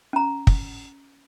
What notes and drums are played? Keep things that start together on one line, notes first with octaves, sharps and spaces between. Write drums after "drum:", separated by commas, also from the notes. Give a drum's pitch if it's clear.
C#4 A#5
drum: kick